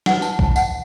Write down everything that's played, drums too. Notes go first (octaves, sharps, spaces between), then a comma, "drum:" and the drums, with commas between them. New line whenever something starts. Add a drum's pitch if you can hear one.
E4 B4 F#5, drum: snare
A5, drum: tambourine
A5, drum: kick B1
F#5, drum: tambourine